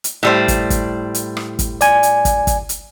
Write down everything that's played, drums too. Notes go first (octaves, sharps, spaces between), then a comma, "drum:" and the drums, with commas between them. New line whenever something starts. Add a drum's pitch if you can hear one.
drum: hi-hat
A2 G3 C5
drum: kick, hi-hat
drum: kick, hi-hat
drum: hi-hat
drum: rim click
drum: kick, hi-hat
D5 G#5, drum: hi-hat
drum: hi-hat
drum: kick, hi-hat
drum: kick, hi-hat
drum: hi-hat